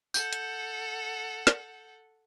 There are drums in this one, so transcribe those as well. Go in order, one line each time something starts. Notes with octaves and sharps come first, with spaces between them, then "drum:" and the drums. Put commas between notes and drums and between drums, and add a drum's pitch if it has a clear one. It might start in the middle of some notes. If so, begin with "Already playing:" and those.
A4 F#5 G6, drum: tambourine
drum: hi-hat
drum: snare